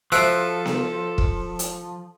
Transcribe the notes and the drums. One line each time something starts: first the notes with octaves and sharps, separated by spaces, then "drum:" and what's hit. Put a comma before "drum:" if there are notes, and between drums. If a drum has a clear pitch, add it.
F3 F#4 A4 C5 E5 E6 F#6 D7
drum: snare B3
drum: kick
drum: hi-hat